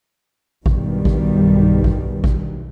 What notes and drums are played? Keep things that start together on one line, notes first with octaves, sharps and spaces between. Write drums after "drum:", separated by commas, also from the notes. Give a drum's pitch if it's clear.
B1 G2 B2 D#3 G3, drum: kick G#1
drum: kick G#1
drum: kick G#1
drum: kick G#1